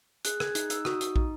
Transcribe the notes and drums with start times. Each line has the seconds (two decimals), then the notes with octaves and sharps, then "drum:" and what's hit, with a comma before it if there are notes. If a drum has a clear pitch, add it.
0.25 G#4 F#6, drum: hi-hat
0.40 G#4 G#6, drum: rim click
0.55 D#4 F#6, drum: hi-hat
0.70 D#4 E6, drum: hi-hat
0.85 F#4 D#6, drum: rim click
1.01 D#4, drum: hi-hat
1.16 D#4, drum: kick